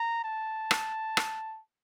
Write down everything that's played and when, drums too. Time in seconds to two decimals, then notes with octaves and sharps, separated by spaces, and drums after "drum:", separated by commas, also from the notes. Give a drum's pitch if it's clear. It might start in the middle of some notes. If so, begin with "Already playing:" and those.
Already playing: A#5
0.24 A5
0.71 drum: rim click
1.17 drum: rim click